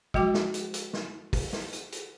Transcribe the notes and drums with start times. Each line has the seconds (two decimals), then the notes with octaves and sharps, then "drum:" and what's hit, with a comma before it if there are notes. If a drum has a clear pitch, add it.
0.14 F3 F#3 G#3 F#4 G5 D6, drum: kick
0.34 drum: snare
0.54 drum: hi-hat
0.74 drum: hi-hat
0.93 drum: snare
1.33 drum: kick, open hi-hat
1.53 drum: snare
1.72 drum: hi-hat
1.92 drum: hi-hat